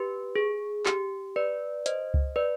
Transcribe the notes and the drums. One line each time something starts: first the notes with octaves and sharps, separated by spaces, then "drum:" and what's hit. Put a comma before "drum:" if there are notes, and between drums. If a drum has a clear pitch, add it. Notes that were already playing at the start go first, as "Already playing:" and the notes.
Already playing: G4 B4
G#4
G4, drum: clap
B4 D5
C5 D#5, drum: hi-hat
drum: kick C#2
B4 D5